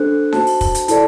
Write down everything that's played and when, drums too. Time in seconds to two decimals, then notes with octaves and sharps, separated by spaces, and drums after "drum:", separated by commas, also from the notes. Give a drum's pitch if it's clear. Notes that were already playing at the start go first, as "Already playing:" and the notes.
Already playing: D4 A4 C5 F#6
0.33 F#4 C5 A5, drum: snare D#4
0.47 drum: open hi-hat
0.61 drum: kick, open hi-hat
0.75 drum: hi-hat
0.88 E4 A4 D5 A5, drum: hi-hat